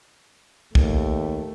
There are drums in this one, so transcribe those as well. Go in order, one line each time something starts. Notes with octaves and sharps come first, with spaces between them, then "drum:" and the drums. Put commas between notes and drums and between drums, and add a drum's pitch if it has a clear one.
D#2 A3, drum: kick